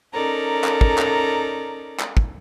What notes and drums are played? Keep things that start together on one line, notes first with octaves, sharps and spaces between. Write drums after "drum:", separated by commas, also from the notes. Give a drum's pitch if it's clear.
C#4 D#4 A4 A#4 D5 A#5
drum: clap
drum: kick
drum: clap
drum: clap
drum: kick